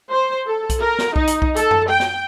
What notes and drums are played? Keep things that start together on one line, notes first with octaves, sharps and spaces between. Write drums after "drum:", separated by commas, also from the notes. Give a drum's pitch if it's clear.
C5
A4
drum: kick B1, hi-hat
A#4
drum: snare
D#4, drum: kick B1
drum: hi-hat
drum: kick B1
A4, drum: hi-hat
drum: tom F#2
G5
drum: snare